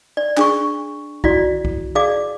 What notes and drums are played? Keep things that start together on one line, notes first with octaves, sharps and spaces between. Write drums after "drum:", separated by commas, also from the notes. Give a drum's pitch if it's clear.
D5
D4 G#4 C#6, drum: clap
E4 F#4 D5, drum: kick B1
drum: kick B1
G#4 D5 F5 D6